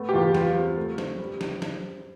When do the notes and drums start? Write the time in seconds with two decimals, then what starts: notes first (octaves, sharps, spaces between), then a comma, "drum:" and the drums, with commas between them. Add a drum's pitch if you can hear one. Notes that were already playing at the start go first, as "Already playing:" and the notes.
Already playing: A3 B3
0.09 G4
0.14 E2 F4
0.35 G3 F4, drum: snare
0.56 C4
0.77 A3
0.98 C4, drum: snare
1.19 G3
1.41 drum: snare
1.62 drum: snare